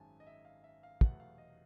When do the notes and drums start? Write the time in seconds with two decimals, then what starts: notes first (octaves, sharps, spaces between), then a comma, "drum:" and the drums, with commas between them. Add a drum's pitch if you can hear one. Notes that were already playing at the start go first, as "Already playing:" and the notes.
Already playing: G#1 F#2 D#3 G#3 G#5 A5
0.20 D#5
0.27 E5
0.45 F5
0.64 E5
0.83 F5
1.01 F1 E2 B2 F#3 A3 F#5, drum: kick
1.20 F5
1.38 D#5